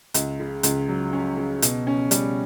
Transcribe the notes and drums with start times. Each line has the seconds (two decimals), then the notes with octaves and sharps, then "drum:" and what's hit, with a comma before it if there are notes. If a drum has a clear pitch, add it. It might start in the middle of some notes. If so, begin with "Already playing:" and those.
0.14 C#2, drum: hi-hat
0.40 C#3
0.63 C#2, drum: hi-hat
0.89 F#3
1.13 C#4
1.37 C#3
1.62 B2, drum: hi-hat
1.87 C#4
2.11 G3, drum: hi-hat